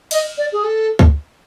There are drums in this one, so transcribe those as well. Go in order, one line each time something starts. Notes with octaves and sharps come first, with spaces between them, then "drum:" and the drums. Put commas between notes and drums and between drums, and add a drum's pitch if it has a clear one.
D#5, drum: cymbal
D5
G#4
A4
drum: kick C#2